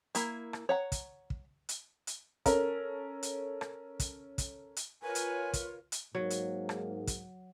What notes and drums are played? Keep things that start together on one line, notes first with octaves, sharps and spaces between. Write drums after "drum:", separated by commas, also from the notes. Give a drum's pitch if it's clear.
A#3 E4, drum: hi-hat
drum: rim click
C#5 F#5 A#5
drum: kick, hi-hat
drum: kick
drum: hi-hat
drum: hi-hat
C#4 A4 A#4, drum: kick, hi-hat
drum: hi-hat
drum: rim click
drum: kick, hi-hat
drum: kick, hi-hat
drum: hi-hat
F4 A#4 B4 C#5 G#5
drum: hi-hat
drum: kick, hi-hat
drum: hi-hat
G#2 F#3 A#3
drum: hi-hat
drum: rim click
drum: kick, hi-hat